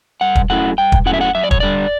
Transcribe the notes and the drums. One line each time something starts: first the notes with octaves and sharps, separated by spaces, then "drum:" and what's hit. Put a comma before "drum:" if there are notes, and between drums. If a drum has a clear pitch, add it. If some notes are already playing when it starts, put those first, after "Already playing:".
G2 F#5
drum: kick
F#3 A3 C#4 E4 F#5
G2 G5
drum: kick
F#3 A3 C#4 E4 F#5
E5
F#5
F#2 E5
D5
C#5, drum: kick
D3 G3 D5